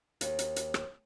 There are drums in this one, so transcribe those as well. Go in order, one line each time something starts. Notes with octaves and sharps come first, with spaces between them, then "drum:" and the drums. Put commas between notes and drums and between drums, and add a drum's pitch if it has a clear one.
D#2, drum: hi-hat
drum: hi-hat
drum: hi-hat
drum: rim click